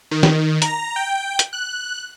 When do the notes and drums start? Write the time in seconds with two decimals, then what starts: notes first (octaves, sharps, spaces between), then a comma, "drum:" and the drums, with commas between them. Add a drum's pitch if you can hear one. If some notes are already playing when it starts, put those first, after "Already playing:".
0.11 D#3
0.23 drum: snare
0.62 A#5, drum: hi-hat
0.96 G5
1.39 drum: hi-hat
1.53 F#6